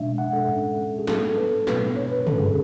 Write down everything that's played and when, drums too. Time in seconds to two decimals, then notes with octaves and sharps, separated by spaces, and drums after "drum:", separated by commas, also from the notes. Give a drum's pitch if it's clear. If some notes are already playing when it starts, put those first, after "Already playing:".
Already playing: B2 G#3 D4 E5
0.18 F#5
0.33 A4
0.48 A2 G#3 C#4
0.98 G#4
1.07 A2 F#3 B3 D4 A4, drum: snare
1.31 A4
1.37 B4
1.67 B2 F#3 B3 D4 B4, drum: snare
1.96 C#5
2.12 B4
2.27 D3 G#3 C#4 A4, drum: tom
2.41 G#4